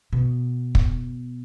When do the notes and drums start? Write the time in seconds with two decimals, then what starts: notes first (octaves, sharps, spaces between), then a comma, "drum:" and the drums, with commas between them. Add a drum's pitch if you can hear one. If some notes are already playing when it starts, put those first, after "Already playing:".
0.13 B2
0.75 drum: kick